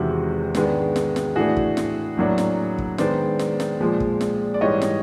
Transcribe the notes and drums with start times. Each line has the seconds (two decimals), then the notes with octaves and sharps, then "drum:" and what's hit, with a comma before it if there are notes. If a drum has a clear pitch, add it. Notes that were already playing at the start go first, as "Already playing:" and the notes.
Already playing: E2 C3 D#3 G#3 E4 F#4
0.55 G#2 D#3 G#3 B3 D4, drum: snare
0.96 drum: snare
1.16 drum: snare
1.36 A2 E3 A3 D4 F#4 G#4
1.57 drum: kick
1.77 drum: snare
2.17 A2 F#3 A#3 D4
2.38 drum: snare
2.78 drum: kick
2.98 D#3 G#3 B3 D4 C5 D5, drum: snare
3.39 drum: snare
3.60 drum: snare
3.80 A#2 F3 G#3
4.00 drum: kick
4.21 drum: snare
4.54 D5
4.61 G#2 E3 G3 C#5 D#5
4.82 drum: snare